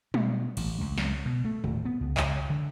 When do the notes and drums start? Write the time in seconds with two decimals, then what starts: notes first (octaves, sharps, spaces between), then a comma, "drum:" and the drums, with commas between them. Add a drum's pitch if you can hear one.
0.14 B2, drum: tom
0.57 A1, drum: cymbal
0.80 C#2
0.98 drum: snare
1.26 B2
1.45 A3
1.64 D#1, drum: tom
1.85 B3
2.01 C#2
2.17 C#2, drum: clap
2.50 D3